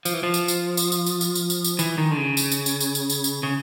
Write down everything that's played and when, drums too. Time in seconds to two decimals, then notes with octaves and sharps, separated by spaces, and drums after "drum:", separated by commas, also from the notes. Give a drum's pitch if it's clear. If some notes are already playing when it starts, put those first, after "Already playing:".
0.05 F3, drum: tambourine
0.14 E3
0.23 F3
0.34 drum: tambourine
0.48 drum: tambourine
0.77 drum: tambourine
0.92 drum: tambourine
1.06 drum: tambourine
1.21 drum: tambourine
1.35 drum: tambourine
1.50 drum: tambourine
1.64 drum: tambourine
1.79 E3, drum: tambourine
1.98 D#3
2.11 D3
2.17 C#3
2.37 drum: tambourine
2.51 drum: tambourine
2.66 drum: tambourine
2.81 drum: tambourine
2.95 drum: tambourine
3.10 drum: tambourine
3.24 drum: tambourine
3.43 C#3